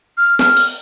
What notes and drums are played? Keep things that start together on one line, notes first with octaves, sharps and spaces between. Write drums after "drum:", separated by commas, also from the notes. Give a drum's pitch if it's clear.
F6
F6, drum: snare
drum: open hi-hat